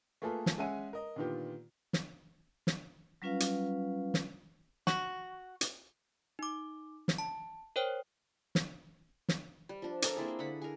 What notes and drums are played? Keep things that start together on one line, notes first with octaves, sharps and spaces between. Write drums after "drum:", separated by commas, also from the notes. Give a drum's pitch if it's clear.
A3 A#3 F4 G#4 A4 B4
drum: snare
G#3 C#4 E5 F#5 G#5 D#7
A#4 D#5
A#2 D3 D#3 B3 F4 G4
drum: snare
drum: snare
F#3 G3 C#4 F4 B4 F5
drum: hi-hat
drum: snare
F#4, drum: snare
drum: hi-hat
D#4 D6
drum: snare
A5
A#4 C5 C#5 G5
drum: snare
drum: snare
G3
F3 D4
D4 A4 A#4 D5, drum: hi-hat
A#3 C4 E4 G#4
D3 F#5 B5
G#4 A#4